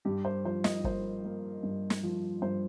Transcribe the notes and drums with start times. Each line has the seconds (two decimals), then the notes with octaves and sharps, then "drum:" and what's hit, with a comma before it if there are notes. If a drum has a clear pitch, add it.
0.05 G2 G4
0.25 C5
0.45 F3 C5
0.64 D#5, drum: snare
0.84 A#3 C5, drum: kick
1.24 A#3
1.63 G2
1.90 drum: snare
2.03 F3
2.42 G2 C5